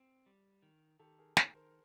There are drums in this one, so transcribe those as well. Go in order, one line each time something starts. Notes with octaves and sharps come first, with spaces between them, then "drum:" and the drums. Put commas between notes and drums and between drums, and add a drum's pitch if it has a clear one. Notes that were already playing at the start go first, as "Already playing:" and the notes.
Already playing: C4
G3
D#3
D#3 G4 A4
G#4 A#4
D#3, drum: snare
A#4 C5